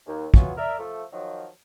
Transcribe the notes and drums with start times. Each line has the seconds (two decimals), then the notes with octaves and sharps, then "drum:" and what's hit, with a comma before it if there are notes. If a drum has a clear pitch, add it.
0.06 D#2
0.34 E3 F#3 B3 F4 F#4 C#5, drum: kick
0.57 A#4 D5 E5
0.78 F3 A3
1.13 D#3 F3 F#3